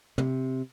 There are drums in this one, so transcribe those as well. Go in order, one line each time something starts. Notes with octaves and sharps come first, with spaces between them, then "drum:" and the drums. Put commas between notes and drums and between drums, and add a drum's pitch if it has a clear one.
C3, drum: tom